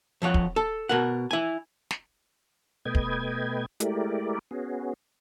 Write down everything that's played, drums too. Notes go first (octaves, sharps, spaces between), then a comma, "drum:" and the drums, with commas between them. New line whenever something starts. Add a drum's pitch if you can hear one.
F2 F3 C#5 F#5
drum: kick
A4
B2 A#4 F#5
E4 G#5
drum: snare
B2 A3 B4 D#5 G5 G#6
drum: kick
G#3 A3 E4 G4 A#4 D5, drum: hi-hat
B3 C#4 F#4 G#4